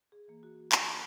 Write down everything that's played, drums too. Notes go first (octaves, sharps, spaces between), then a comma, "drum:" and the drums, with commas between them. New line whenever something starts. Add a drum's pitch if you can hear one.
G#4
E3 A#3
F#4
drum: clap